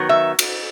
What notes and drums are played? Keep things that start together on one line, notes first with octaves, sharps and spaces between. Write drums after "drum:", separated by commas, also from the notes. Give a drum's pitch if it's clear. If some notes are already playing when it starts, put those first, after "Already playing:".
Already playing: D#3 F#3 B3
E5
drum: cymbal